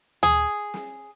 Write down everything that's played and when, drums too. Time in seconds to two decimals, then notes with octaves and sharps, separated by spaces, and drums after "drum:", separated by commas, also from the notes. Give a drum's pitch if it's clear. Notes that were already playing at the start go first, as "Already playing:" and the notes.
0.23 G#4, drum: tom D2
0.74 drum: snare